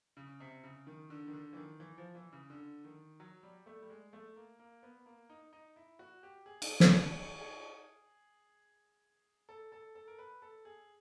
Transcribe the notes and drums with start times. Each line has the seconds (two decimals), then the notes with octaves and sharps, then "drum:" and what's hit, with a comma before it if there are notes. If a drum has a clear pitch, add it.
0.17 C#3
0.40 C3
0.64 C#3
0.87 D#3
1.10 D3
1.27 D#3
1.34 D3
1.53 E3
1.57 D#3
1.80 E3
1.98 F3
2.15 E3
2.33 C#3
2.50 D3
2.85 D#3
3.20 F#3
3.43 G3
3.66 A3
3.82 G3
3.90 G#3
4.13 A3
4.36 A#3
4.59 A#3
4.83 B3
5.06 A#3
5.30 D#4
5.53 D#4
5.76 E4
5.99 F#4
6.23 G4
6.46 G#4
6.62 drum: cymbal
6.80 drum: snare
7.39 G#4
9.49 A4
9.72 A4
9.95 A4
10.08 A#4
10.19 B4
10.42 A4
10.65 G#4